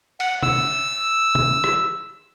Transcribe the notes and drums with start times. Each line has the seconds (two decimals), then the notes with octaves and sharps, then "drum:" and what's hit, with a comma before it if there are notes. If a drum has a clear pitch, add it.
0.20 F#5, drum: cymbal
0.43 E6, drum: tom
1.35 drum: tom
1.64 drum: rim click